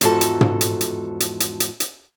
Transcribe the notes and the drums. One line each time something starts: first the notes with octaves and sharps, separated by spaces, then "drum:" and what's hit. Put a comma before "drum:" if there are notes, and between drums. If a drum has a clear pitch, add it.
E2 G#2 F3 F#4 A4 A5, drum: hi-hat
drum: hi-hat
drum: tom
drum: hi-hat
drum: hi-hat
drum: hi-hat
drum: hi-hat
drum: hi-hat
drum: hi-hat